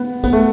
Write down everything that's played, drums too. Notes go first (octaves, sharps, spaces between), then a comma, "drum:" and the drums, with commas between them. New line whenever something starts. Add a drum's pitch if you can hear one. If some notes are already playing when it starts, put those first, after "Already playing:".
Already playing: B3
B3, drum: kick, tambourine
A3